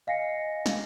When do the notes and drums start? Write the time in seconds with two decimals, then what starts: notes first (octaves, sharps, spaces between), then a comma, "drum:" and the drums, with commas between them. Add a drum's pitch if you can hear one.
0.07 D#5 F5 G#5 A#6 C7 C#7
0.66 drum: snare